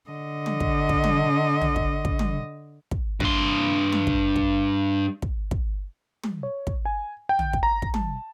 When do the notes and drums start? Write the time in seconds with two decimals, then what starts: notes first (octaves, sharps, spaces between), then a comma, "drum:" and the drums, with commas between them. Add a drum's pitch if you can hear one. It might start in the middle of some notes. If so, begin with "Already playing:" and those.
0.10 D3 D#5
0.46 drum: tom
0.60 drum: kick
0.89 drum: kick
1.04 drum: tom
1.61 drum: tom
1.76 drum: kick
2.05 drum: kick
2.19 drum: tom
2.91 drum: kick
3.20 G2 C6, drum: kick
3.92 drum: tom
4.07 drum: kick
4.36 drum: kick
5.22 drum: kick
5.51 drum: kick
6.23 drum: tom
6.43 C#5
6.67 drum: kick
6.85 G#5
7.29 G5
7.39 drum: tom
7.53 drum: kick
7.63 A#5
7.82 drum: kick
7.94 A5, drum: tom